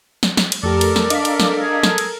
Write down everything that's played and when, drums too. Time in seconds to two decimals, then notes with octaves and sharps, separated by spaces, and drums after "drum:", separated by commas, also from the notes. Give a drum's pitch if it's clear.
0.23 drum: snare
0.37 drum: snare
0.52 drum: cymbal
0.63 F2 A3 G4 A4 A#4 D5
0.81 drum: cymbal
0.96 drum: snare
1.10 D4 D#5 F5 D6 B6, drum: cymbal
1.25 drum: cymbal
1.40 drum: snare
1.62 G#4
1.83 drum: snare
1.98 drum: cymbal